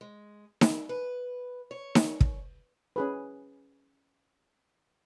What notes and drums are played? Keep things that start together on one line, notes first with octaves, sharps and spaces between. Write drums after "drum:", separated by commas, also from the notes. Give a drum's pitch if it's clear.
G#3
E4, drum: snare D#4
B4
C#5
drum: snare D#4
drum: kick
C#4 G#4 B4